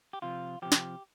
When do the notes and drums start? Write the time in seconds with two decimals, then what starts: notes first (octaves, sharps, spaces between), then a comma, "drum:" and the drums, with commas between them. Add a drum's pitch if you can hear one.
0.13 G4
0.22 C3 F3 F4
0.62 C3 F3 G4
0.72 drum: snare